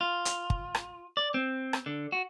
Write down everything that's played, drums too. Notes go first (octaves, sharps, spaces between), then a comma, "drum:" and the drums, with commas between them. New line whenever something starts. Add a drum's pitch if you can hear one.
F4
drum: hi-hat
drum: kick
drum: rim click
D5
C4
drum: rim click
D3
F#4